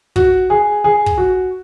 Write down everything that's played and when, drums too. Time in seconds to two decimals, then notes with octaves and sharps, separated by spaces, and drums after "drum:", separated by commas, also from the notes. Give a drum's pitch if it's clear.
0.16 F#4, drum: kick
0.50 G#4
0.84 G#4
1.06 drum: kick
1.18 F#4